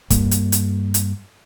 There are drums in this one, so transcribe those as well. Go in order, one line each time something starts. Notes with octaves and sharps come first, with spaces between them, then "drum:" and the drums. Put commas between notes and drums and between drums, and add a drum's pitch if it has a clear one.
G2 G3 A#3, drum: kick, hi-hat
drum: hi-hat
drum: hi-hat
drum: hi-hat